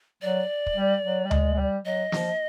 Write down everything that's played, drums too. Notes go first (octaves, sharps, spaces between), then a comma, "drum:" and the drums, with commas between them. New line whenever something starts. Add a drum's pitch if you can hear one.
F#3 D5
drum: kick
G3
F#3
G3
G#3, drum: tom D2
G#3
G3
F#3 D#5
F3, drum: snare